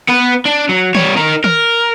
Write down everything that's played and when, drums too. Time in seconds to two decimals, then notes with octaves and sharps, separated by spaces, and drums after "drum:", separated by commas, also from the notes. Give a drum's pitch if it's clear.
0.09 B3 B4
0.45 D4
0.69 F#3
0.95 G3 C#5, drum: tom
1.16 D#4 A#4
1.44 A#4, drum: tom